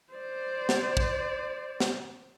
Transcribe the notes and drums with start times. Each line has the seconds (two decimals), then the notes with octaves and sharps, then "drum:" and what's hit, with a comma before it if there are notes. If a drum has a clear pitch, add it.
0.13 C5 D5
0.69 drum: snare
0.97 drum: kick
1.80 drum: snare